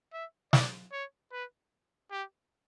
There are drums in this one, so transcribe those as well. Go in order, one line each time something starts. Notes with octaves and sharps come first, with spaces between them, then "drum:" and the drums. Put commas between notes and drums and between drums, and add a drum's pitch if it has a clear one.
E5
D5, drum: snare
C#5
B4
G4